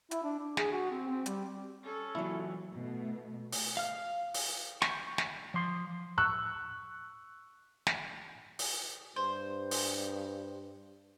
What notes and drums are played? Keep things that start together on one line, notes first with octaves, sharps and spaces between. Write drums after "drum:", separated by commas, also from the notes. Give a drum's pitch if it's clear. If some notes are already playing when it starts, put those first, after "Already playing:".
E4, drum: hi-hat
D4
D4
G#4, drum: snare
F#4
C4
C4
G3, drum: hi-hat
C#4 A4
A#2 E3 F#3 E4
B2 A3
drum: open hi-hat
F5 F6
drum: open hi-hat
C#6 G6, drum: snare
drum: snare
F3 C6
C#6 E6 F#6
drum: snare
drum: open hi-hat
G2 C5
drum: open hi-hat